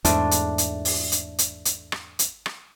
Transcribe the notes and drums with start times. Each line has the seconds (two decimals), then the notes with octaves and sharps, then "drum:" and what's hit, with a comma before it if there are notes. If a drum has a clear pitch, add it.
0.05 E2 G#2 A3 D4 C5, drum: hi-hat
0.31 drum: hi-hat
0.58 drum: hi-hat
0.85 drum: open hi-hat
1.12 drum: hi-hat
1.39 drum: hi-hat
1.65 drum: hi-hat
1.92 drum: rim click
2.19 drum: hi-hat
2.46 drum: rim click